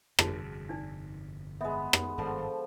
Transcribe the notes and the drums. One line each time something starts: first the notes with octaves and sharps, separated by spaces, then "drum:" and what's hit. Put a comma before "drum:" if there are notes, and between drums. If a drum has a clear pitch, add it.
G1 F2 C3 F#4 G#4 A5, drum: rim click
D4 D#4 D5
G#3 B3 D#5 E5
drum: rim click
G#1 G2 D3 F3 C6